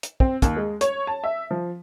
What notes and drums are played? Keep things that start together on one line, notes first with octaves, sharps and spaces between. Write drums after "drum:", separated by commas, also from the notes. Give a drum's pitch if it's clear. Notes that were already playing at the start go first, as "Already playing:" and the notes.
drum: hi-hat
C4, drum: kick
D#2, drum: kick, hi-hat
G#3
C#5, drum: hi-hat
A5
E5
F3